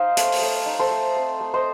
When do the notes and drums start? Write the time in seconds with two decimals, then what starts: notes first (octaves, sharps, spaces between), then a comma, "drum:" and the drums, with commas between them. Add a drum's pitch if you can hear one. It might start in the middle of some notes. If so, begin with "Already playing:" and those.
Already playing: D#4 C5 D#5 F5
0.17 A3, drum: hi-hat
0.32 drum: open hi-hat
0.42 A3
0.66 D#4
0.79 A4 C5
0.91 A3
1.17 C4
1.41 A3
1.54 C5 D#5